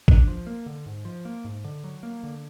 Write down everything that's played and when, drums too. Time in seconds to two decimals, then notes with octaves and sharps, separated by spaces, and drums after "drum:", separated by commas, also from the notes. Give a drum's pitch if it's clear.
0.08 D4, drum: kick A1
0.28 F3
0.47 A#3
0.66 D3
0.86 G#2
1.05 F3
1.25 A#3
1.45 G#2
1.64 D3
1.84 F#3
2.03 A#3
2.23 D3